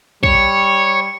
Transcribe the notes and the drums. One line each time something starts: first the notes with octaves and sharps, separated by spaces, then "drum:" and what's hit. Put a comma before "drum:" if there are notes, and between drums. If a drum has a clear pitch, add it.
G3 C#5 C#7, drum: kick